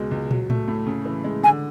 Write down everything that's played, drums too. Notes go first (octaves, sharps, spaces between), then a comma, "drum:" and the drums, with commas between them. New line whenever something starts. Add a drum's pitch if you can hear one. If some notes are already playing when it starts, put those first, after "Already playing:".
Already playing: C#2 B2 G#3
C#2
F#3, drum: tom
A3, drum: tom A2
A2
C#3
E3
G#3
D3 G#5